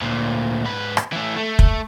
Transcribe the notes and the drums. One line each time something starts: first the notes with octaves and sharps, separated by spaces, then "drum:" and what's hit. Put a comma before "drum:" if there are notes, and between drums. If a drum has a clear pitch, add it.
D2 A#2
G#2 B4
drum: rim click
E3 A3
A3
drum: kick